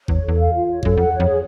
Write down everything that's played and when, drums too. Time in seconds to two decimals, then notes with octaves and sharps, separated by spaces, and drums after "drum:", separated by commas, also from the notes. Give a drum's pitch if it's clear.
0.08 E2 C#5, drum: kick G#1
0.23 A4
0.28 E2
0.38 F5
0.53 F4
0.67 C#5
0.83 F#2 A4, drum: kick G#1
0.97 F2 F#5
1.12 C#5
1.20 F2
1.26 G#4